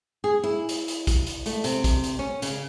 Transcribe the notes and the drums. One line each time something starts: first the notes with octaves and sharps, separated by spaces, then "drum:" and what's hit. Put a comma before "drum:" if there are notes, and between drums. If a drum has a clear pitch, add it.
G#4
E4
drum: hi-hat
drum: hi-hat
drum: kick A#1, hi-hat
drum: hi-hat
A3, drum: hi-hat
C3, drum: hi-hat
drum: kick A#1, hi-hat
drum: hi-hat
C#4
C#3, drum: hi-hat